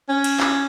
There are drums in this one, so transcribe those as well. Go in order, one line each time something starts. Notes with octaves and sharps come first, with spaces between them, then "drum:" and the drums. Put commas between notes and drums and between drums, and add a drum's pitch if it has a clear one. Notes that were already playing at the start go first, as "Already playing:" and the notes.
C#4
drum: cymbal
drum: clap